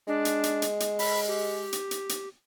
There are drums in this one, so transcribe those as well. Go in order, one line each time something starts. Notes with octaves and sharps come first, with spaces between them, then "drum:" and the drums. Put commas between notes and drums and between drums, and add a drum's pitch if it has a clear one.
G#3 D4
drum: hi-hat
drum: hi-hat
drum: hi-hat
drum: hi-hat
B5, drum: open hi-hat
G4
drum: hi-hat
drum: hi-hat
drum: hi-hat